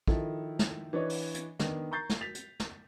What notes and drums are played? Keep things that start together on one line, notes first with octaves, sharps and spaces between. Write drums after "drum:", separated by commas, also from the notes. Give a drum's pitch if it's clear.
D#3 F3 E4 A4, drum: kick
drum: snare
E3 D4 B4 C#5 D#5
drum: open hi-hat
drum: hi-hat
D#3 B3 D4, drum: snare
A#5 C#6 G6 A6 C7
drum: snare
A6 B6 F7
drum: hi-hat
drum: snare